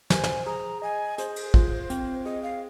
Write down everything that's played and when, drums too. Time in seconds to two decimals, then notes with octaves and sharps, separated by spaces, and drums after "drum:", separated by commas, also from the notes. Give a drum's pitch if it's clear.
0.10 C5 G#5, drum: snare
0.24 drum: snare
0.46 G#4 A#5
0.82 D#5 G#5
1.18 G#4 C5, drum: hi-hat
1.36 drum: cymbal
1.54 F4, drum: kick
1.90 C4, drum: hi-hat
2.25 G#4 D#5
2.43 F5